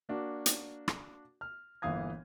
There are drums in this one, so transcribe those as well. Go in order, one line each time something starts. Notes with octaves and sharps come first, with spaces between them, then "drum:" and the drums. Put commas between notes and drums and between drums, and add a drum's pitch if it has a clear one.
A#3 D4 F#4
drum: hi-hat
drum: rim click
F6
G1 A#2 E3 F5 D#6 G#6